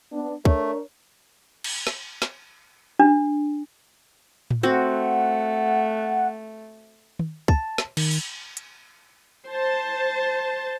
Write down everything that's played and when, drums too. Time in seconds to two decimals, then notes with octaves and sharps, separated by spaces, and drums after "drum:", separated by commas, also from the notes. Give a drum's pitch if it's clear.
0.13 B3 D4
0.45 A3 D4 A#4 C#5, drum: kick
1.64 drum: cymbal
1.87 drum: snare
2.22 drum: snare
2.99 D4
4.51 drum: tom A2
4.63 A3 C4 F#4 F#5
7.19 drum: tom
7.48 A5, drum: kick
7.78 drum: snare
7.97 D#3, drum: cymbal
8.11 drum: open hi-hat
8.57 drum: hi-hat
9.48 C5 A5